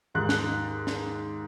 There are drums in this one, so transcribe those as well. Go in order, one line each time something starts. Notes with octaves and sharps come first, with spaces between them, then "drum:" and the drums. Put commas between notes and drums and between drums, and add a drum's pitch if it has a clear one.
D#2 G#2 F#6
drum: snare
drum: snare